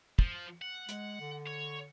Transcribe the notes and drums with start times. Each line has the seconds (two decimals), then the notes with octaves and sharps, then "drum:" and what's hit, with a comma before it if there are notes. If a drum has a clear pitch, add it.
0.19 F3, drum: kick
0.62 F#5
0.89 G#3, drum: hi-hat
1.20 D3
1.47 C#5